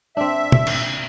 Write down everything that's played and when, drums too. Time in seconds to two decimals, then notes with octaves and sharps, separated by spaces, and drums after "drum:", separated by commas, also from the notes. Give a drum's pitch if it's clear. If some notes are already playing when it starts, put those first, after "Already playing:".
0.17 C4 D4 E5
0.52 drum: tom B2
0.67 drum: cymbal